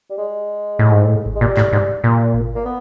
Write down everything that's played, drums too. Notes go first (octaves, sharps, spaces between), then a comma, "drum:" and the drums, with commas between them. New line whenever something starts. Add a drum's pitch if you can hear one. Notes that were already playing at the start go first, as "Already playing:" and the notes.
G3
G#3
A2
G#2
A2
drum: kick G#1
G#3
A#2 G3
A2, drum: clap
G#2
A#2
drum: kick G#1
A#3
B3